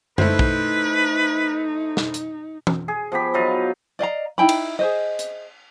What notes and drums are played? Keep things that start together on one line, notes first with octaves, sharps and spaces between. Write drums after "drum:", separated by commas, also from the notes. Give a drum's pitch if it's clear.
A3 D#4 E4 B4 C5, drum: tom F#2
drum: kick
drum: snare
drum: hi-hat
drum: tom E3
G#4
F3 B3 G4 B5
F#3 D#4 F4
D5 D#5 F5 A#5
D#4 E4 G5 B5
drum: cymbal
G#4 C5 D#5
drum: hi-hat